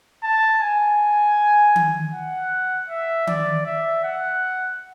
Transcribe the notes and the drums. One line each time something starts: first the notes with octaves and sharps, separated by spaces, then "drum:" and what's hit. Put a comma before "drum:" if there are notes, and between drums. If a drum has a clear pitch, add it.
A5
G#5
drum: tom D#3
F#5
E5
D5, drum: tom D#3
E5
F#5